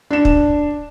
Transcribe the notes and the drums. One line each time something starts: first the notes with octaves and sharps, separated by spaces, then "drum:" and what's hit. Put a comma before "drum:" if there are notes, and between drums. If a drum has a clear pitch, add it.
D4 E7
drum: kick